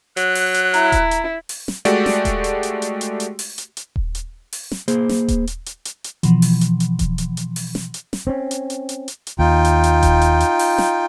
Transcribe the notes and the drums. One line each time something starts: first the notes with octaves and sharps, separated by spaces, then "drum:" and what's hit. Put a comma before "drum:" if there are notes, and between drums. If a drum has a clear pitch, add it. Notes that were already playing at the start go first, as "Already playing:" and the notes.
F#3 F#6, drum: hi-hat
drum: open hi-hat
drum: hi-hat
E4 A#5, drum: hi-hat
drum: kick D#1, hi-hat
drum: hi-hat
drum: open hi-hat
drum: snare
G#3 A3 F#4 G4 D5, drum: hi-hat
drum: snare
drum: kick D#1, hi-hat
drum: hi-hat
drum: hi-hat
drum: hi-hat
drum: hi-hat
drum: hi-hat
drum: open hi-hat
drum: hi-hat
drum: hi-hat
drum: kick D#1
drum: hi-hat
drum: open hi-hat
drum: snare
A#3 G#4 C5, drum: hi-hat
drum: snare
drum: kick D#1, hi-hat
drum: hi-hat
drum: hi-hat
drum: hi-hat
drum: hi-hat
B2 E3 F3, drum: hi-hat
drum: open hi-hat
drum: hi-hat
drum: hi-hat
drum: kick D#1, hi-hat
drum: hi-hat
drum: hi-hat
drum: open hi-hat
drum: snare
drum: hi-hat
drum: snare
C4 C#4
drum: hi-hat
drum: hi-hat
drum: hi-hat
drum: hi-hat
drum: hi-hat
D#2 D#4 F4 G5
drum: hi-hat
drum: hi-hat
drum: kick D#1, hi-hat
drum: hi-hat
drum: hi-hat
drum: open hi-hat
drum: snare